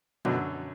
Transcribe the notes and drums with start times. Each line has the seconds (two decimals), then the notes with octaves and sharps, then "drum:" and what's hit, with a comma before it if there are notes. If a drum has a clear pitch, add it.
0.25 F#2 B2 D3 F#3, drum: tom F3